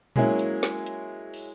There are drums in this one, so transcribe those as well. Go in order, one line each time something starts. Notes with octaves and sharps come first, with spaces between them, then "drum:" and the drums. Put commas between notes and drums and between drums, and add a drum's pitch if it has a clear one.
F#3 G#3 A#3 C#4 E4, drum: tom A#2
drum: hi-hat
drum: snare
drum: hi-hat
drum: open hi-hat